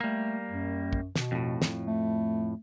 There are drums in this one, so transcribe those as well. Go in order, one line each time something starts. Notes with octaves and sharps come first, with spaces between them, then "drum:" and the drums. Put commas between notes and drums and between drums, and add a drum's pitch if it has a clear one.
G3 A3 A#3
F#2
drum: kick
B2, drum: snare
F2 A2
drum: snare
A3